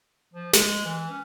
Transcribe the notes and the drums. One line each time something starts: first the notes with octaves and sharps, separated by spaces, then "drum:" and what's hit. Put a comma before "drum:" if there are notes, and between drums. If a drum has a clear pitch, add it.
F3
G#3, drum: snare
E3
C#4